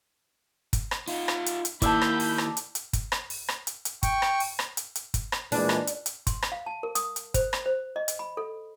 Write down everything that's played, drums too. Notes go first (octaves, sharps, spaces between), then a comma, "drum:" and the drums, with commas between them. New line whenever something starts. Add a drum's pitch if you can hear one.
drum: kick, hi-hat
drum: rim click
D#4 F4, drum: open hi-hat
drum: rim click
drum: hi-hat
drum: hi-hat
D#3 A#3 E4 D5 A5 B5 E6 G6, drum: kick, hi-hat
drum: rim click
drum: open hi-hat
drum: rim click
drum: hi-hat
drum: hi-hat
drum: kick, hi-hat
drum: rim click
drum: open hi-hat
drum: rim click
drum: hi-hat
drum: hi-hat
G5 C#6, drum: kick, hi-hat
drum: rim click
drum: open hi-hat
drum: rim click
drum: hi-hat
drum: hi-hat
drum: kick, hi-hat
drum: rim click
A#2 E3 G#3 D4, drum: open hi-hat
drum: rim click
drum: hi-hat
drum: hi-hat
C6, drum: kick, hi-hat
drum: rim click
F5
A5
A#4
D#6, drum: hi-hat
drum: hi-hat
C5, drum: kick, hi-hat
drum: rim click
C5
D#5
drum: hi-hat
B5
A4